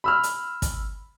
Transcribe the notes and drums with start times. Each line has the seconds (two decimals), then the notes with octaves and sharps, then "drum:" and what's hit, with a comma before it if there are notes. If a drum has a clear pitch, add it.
0.04 B5 E6 F6
0.23 drum: hi-hat
0.62 drum: kick, hi-hat